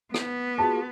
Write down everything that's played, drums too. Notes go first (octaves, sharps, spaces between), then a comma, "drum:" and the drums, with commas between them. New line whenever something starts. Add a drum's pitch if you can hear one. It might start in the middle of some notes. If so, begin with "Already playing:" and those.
B3, drum: rim click
F4 F#4 G#4 A5